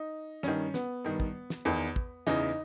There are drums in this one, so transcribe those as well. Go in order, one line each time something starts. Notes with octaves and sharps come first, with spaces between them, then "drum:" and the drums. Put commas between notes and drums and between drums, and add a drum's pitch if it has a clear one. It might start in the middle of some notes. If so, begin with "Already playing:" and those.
Already playing: D#4
G2 D#3 C#4, drum: snare
B3, drum: snare
G2 D#3
drum: kick
drum: snare
E2 D#3
drum: kick
E2 C#3 E3 D#4, drum: snare